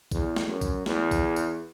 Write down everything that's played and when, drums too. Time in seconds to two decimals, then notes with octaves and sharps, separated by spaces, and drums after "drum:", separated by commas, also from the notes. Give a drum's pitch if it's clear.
0.11 E2, drum: kick, tambourine
0.36 drum: snare
0.49 F#2
0.61 drum: kick, tambourine
0.86 E2, drum: snare
1.11 drum: kick, tambourine
1.36 drum: tambourine